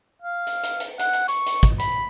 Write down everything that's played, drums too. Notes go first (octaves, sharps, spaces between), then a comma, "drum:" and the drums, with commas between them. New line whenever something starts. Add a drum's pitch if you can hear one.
F5
drum: hi-hat
drum: hi-hat
drum: hi-hat
F#5, drum: hi-hat
drum: hi-hat
C#6, drum: hi-hat
drum: hi-hat
drum: kick, hi-hat
B5, drum: hi-hat